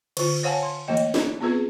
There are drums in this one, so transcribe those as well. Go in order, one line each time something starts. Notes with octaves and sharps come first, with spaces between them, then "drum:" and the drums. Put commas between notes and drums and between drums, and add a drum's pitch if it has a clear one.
D3 F4, drum: cymbal
C5 C#5 F5 F#5 G#5 A5
C6
E3 A3 A#3 D#5
drum: hi-hat
drum: snare
B3 C4 F4 G#4 B4